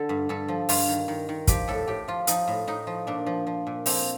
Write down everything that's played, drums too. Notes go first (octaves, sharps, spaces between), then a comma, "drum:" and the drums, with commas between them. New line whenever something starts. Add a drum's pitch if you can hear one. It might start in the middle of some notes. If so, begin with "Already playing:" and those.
Already playing: D3 A4
G2
G2 A4
F3
G2 F4, drum: open hi-hat
D#3
D#3
D#3
F3 G4, drum: kick, hi-hat
A2 A4
A2 G4
F3 F4
F3 D#4, drum: hi-hat
A2
A2 D#4
F3
A#2 D4
F3
F3
A#2
F3 C4, drum: open hi-hat